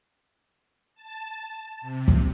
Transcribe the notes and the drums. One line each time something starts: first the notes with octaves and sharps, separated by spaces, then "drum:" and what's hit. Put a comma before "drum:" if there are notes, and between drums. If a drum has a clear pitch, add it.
A5
C3
drum: kick